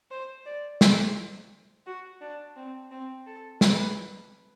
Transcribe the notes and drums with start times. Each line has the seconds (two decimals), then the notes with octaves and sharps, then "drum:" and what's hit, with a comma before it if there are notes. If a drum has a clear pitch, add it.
0.11 C5
0.46 D5
0.81 C5, drum: snare
1.86 F#4
2.21 D4
2.56 C4
2.91 C4
3.26 A4
3.61 B4, drum: snare